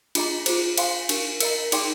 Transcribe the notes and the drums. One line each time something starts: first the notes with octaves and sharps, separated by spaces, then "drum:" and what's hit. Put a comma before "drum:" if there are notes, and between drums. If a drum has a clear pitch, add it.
D4 F4 G#4 D#5 A#5, drum: cymbal
F4 G#4 C5, drum: cymbal
C5 F5 G#5 C6, drum: cymbal
D4 G4 A#4, drum: cymbal
A#4 D#5 A#5, drum: cymbal
D#4 G#4 D5 G5 C6, drum: cymbal